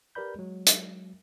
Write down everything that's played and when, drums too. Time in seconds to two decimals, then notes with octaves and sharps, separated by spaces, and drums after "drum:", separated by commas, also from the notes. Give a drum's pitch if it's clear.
0.15 G4 A#4 B4 D5 B5 G6
0.36 F#3 G#3
0.66 drum: hi-hat